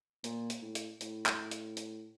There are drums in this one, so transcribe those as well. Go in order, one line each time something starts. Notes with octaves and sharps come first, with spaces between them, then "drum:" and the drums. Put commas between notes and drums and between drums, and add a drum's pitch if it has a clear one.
A#2, drum: hi-hat
drum: hi-hat
A2
drum: hi-hat
A2, drum: hi-hat
drum: clap
drum: hi-hat
drum: hi-hat